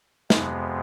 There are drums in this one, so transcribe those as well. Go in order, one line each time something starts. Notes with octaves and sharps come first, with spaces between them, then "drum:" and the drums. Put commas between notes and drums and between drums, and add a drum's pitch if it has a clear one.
F2 C3 G#3 B3, drum: snare